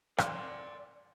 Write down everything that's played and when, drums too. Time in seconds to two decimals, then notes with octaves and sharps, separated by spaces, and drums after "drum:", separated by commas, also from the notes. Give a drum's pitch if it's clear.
0.18 D5 C6, drum: rim click